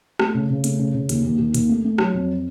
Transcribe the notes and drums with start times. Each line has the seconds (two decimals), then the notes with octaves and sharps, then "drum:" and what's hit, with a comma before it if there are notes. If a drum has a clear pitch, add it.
0.19 A3, drum: rim click
0.34 C#3
0.50 C#3
0.64 A3, drum: hi-hat
0.79 C#3
0.94 C#3
1.09 D#2, drum: hi-hat
1.24 D#2
1.39 D#2
1.54 D#2, drum: hi-hat
1.69 A3
1.84 A3
1.98 F#3, drum: rim click
2.14 F2